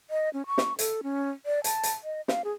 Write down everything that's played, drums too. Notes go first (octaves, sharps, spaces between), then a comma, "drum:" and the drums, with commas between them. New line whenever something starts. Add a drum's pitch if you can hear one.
D#5
C#4
C#6
drum: snare
A4, drum: hi-hat
C#4
D5
A5, drum: hi-hat
drum: hi-hat
D#5
F5, drum: snare
G#4